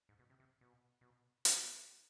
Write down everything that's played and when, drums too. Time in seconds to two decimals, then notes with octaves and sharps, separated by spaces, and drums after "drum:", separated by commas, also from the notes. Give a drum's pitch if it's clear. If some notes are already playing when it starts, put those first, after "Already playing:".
0.09 G#2
0.19 B2
0.30 C3
0.40 C3
0.61 B2
1.01 B2
1.45 drum: hi-hat